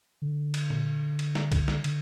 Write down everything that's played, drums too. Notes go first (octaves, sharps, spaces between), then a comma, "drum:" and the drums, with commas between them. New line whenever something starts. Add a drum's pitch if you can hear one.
D3
drum: cymbal
drum: tom A#2
drum: cymbal
drum: snare
drum: kick B1, cymbal
drum: snare
D3, drum: cymbal